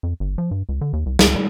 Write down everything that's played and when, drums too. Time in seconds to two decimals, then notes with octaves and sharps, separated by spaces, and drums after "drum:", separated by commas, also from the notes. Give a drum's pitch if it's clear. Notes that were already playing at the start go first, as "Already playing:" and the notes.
0.03 F2
0.20 G1
0.38 F3
0.51 G2
0.69 C#2
0.81 D3
0.93 D#2
1.06 C2
1.19 C#2, drum: snare
1.36 G3